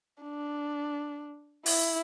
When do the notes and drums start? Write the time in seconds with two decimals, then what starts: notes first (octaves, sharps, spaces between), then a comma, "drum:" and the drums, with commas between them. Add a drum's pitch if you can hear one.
0.22 D4
1.66 E4, drum: open hi-hat